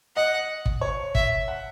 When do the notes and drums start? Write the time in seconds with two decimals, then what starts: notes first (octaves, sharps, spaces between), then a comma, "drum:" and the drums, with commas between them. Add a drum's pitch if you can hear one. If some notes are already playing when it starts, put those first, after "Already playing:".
0.16 D#5 F#5
0.66 drum: kick
0.81 C#5
1.15 E5, drum: kick
1.48 F#5